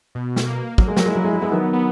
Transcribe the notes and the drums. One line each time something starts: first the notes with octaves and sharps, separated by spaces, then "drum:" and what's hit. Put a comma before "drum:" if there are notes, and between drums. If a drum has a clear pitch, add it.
B2
drum: snare
A#3
F#3 A#3, drum: kick
G#3
F#3, drum: snare
G#3
E4
F#3
G#3
F#3
G#3 B3
D#3 F#3
B3